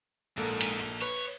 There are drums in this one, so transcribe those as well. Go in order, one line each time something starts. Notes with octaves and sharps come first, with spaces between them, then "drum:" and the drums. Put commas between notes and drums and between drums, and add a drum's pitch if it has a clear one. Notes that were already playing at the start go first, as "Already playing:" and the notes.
A#1 G#2 A#3 A4
drum: cymbal
B4 C#5